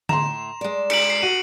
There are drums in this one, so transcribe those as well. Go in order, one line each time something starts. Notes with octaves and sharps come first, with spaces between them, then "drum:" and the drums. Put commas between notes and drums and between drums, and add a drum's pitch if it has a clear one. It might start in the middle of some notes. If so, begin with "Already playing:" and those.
A2 E5 A#5 C6 E7, drum: tom D3
G#3 D5
C#7 D7 F#7, drum: cymbal
C7
F#4 D#7